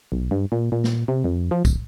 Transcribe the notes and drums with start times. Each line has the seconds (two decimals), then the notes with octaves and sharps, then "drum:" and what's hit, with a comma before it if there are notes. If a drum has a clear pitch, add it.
0.12 B1
0.31 G2
0.52 A#2
0.72 A#2
0.84 drum: snare
1.08 C3
1.24 F2
1.51 F3
1.65 D1, drum: kick, tambourine